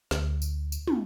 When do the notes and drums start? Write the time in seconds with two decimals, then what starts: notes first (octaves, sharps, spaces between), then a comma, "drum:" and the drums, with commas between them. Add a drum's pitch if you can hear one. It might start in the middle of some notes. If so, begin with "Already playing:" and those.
0.11 D2, drum: snare
0.42 drum: tambourine
0.72 drum: tambourine
0.88 drum: tom